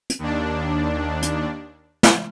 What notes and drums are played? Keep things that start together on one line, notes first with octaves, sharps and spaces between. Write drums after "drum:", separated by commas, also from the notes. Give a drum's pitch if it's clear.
drum: hi-hat
D#2 D4
drum: hi-hat
drum: snare